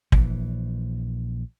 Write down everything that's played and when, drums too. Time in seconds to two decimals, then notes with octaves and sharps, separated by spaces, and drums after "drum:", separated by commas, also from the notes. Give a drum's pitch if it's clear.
0.12 A#1 E3, drum: kick